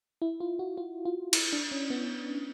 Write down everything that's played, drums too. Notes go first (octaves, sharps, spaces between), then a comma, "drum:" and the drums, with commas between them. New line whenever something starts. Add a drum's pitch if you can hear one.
E4
F4
F#4
F4
F4
E4, drum: cymbal
D4
C#4
B3